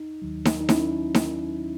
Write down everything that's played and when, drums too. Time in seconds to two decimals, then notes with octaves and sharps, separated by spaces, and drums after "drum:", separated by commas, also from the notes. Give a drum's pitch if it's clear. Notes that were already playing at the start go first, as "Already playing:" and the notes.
Already playing: D#4
0.22 D#2 D#3 F#3
0.45 drum: snare D#4
0.61 D#4
0.69 C#4 E4, drum: snare D#4
1.15 drum: snare D#4